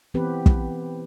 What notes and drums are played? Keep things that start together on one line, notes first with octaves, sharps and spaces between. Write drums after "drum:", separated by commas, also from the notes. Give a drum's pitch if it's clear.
E3 B3 C4 G4 B4
drum: kick